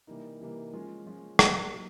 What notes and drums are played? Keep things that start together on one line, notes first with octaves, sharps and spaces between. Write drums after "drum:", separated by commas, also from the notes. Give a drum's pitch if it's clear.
C3 E3 G3 A#3 D#4
C3 E3 G3 A#3 D#4
F3 G#3 C#4 F4
F3 G#3 C#4 F4
F#3 A#3 D#4 G4, drum: rim click
F#3 A#3